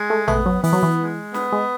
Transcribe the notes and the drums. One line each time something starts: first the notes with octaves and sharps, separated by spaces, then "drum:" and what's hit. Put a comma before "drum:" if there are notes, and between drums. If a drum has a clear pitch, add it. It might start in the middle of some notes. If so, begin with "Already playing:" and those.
Already playing: G#3
A3
A3 B3, drum: tom A1
F#3
E3 B3, drum: open hi-hat
F#3
E3
G#3
B3, drum: snare
G#3